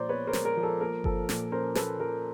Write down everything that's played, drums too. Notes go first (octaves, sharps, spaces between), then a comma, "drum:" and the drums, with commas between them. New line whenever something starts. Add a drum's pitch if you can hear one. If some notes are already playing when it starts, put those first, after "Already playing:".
Already playing: A#2 F3 G#3 C5 D5 A#5
B3 B4 C#5
A#4 C5
G#3, drum: snare
A#4
F3
A4
A#3 A#4
F3 A4, drum: kick G1
A#2, drum: snare
C#4 A#4 C5
A#3 A4 B4, drum: snare
F3 A#4